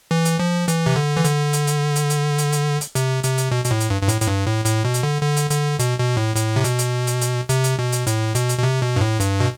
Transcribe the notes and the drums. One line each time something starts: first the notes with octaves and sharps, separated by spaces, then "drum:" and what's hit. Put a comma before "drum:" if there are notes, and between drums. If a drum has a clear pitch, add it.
E3
drum: hi-hat
F3
E3, drum: hi-hat
C3
D3
E3
D3, drum: hi-hat
drum: hi-hat
drum: hi-hat
drum: hi-hat
drum: hi-hat
drum: hi-hat
drum: hi-hat
drum: hi-hat
C3, drum: hi-hat
C3, drum: hi-hat
drum: hi-hat
B2
B2, drum: hi-hat
A2
drum: hi-hat
G2
G2
A2, drum: hi-hat
A2, drum: hi-hat
G2
A2
A2, drum: hi-hat
B2
drum: hi-hat
D3
D3
drum: hi-hat
D3, drum: hi-hat
B2, drum: hi-hat
B2
A2
A2, drum: hi-hat
C3
B2, drum: hi-hat
drum: hi-hat
drum: hi-hat
drum: hi-hat
C3, drum: hi-hat
drum: hi-hat
B2
drum: hi-hat
A2, drum: hi-hat
B2, drum: hi-hat
drum: hi-hat
B2
C3
B2
G2
A2
G2, drum: hi-hat
B2